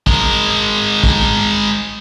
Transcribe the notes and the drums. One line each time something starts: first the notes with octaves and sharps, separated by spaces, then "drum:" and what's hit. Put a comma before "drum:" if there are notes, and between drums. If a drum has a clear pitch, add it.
G#3 A#4, drum: kick
drum: kick